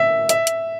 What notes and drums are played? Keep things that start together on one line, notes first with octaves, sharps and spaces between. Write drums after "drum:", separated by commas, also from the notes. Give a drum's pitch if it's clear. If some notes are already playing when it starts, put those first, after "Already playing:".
Already playing: E5
E5, drum: hi-hat
drum: hi-hat